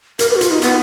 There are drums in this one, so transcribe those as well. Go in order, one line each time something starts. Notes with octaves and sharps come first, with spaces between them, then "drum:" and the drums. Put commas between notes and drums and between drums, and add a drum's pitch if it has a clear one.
A#4, drum: hi-hat
B4
F#4
F4, drum: hi-hat
D#4
B3, drum: hi-hat